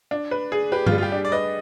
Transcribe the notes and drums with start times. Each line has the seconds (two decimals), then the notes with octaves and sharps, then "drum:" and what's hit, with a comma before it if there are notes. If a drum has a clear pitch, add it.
0.11 D4
0.31 B4
0.52 G#4
0.72 G4 B4
0.86 F4, drum: tom G2
0.92 G3
0.98 F4
1.03 G4
1.12 D4
1.25 D5
1.32 B4 D#5